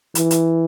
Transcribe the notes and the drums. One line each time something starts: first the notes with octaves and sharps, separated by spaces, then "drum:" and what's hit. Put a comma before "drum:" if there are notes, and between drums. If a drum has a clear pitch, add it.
E3, drum: hi-hat
drum: hi-hat